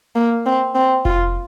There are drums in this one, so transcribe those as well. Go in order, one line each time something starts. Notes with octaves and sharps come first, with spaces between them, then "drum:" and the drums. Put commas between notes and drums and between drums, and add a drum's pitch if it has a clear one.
A#3
C4
C4
F4, drum: kick F1